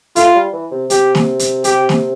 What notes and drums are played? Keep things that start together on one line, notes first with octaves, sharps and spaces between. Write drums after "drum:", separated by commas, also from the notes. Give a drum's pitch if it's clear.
A3 F4, drum: hi-hat
G3
E3
C3
C3 G4, drum: hi-hat
drum: snare
drum: hi-hat
G4, drum: hi-hat
drum: snare